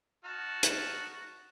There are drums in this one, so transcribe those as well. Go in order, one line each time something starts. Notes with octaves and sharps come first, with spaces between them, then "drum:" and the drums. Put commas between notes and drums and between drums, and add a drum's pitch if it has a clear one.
D#4 F#4 A5 F6
drum: hi-hat